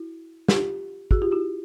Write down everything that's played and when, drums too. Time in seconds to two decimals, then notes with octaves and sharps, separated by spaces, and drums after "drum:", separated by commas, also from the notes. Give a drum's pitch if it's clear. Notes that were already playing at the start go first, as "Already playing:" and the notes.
Already playing: E4 F#4
0.48 F4 G4, drum: snare
1.11 F#4 G#4, drum: kick
1.22 F4 G4
1.31 E4 F#4